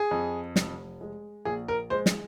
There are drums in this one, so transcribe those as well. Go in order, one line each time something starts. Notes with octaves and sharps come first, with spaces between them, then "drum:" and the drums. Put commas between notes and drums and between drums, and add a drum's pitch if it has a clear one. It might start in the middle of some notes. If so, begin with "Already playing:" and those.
Already playing: G#4
F2
F1, drum: snare
G#3
A#1 G#4
A#4
G#3 C5
drum: snare